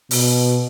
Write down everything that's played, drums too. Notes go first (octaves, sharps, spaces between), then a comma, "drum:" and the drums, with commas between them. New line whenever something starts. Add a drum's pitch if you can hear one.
B2, drum: open hi-hat